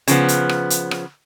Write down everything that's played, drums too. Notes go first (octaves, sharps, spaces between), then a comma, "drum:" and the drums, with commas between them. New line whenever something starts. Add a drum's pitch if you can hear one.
C#3 F3 B3, drum: hi-hat
drum: hi-hat
drum: rim click
drum: hi-hat
drum: rim click